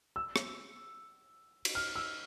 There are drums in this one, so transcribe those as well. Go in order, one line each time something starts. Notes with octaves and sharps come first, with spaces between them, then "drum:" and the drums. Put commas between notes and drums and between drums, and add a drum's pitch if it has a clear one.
E6
drum: rim click
drum: cymbal
F6
E6